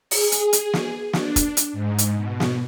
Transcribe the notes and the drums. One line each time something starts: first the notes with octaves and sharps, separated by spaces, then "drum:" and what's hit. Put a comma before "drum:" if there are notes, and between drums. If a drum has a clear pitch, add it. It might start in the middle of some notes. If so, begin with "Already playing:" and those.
G#4, drum: open hi-hat
drum: hi-hat
drum: hi-hat
drum: snare
D4, drum: snare
drum: kick, hi-hat
drum: hi-hat
G#2
drum: hi-hat
B2
drum: snare